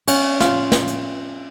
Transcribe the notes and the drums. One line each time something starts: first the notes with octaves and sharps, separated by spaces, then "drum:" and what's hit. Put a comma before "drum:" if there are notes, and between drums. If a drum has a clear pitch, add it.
C#4, drum: cymbal
F4, drum: snare
drum: snare
drum: hi-hat